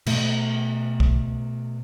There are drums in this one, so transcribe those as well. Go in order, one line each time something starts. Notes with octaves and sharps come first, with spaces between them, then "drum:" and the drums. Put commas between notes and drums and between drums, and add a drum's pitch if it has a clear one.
B2 A3, drum: cymbal
drum: kick